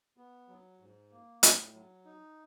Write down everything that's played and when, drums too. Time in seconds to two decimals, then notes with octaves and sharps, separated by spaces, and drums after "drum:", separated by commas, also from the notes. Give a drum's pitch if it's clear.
0.17 B3
0.49 F#3
0.80 G#2
1.11 A#3
1.43 A2, drum: hi-hat
1.74 F#3
2.05 D#4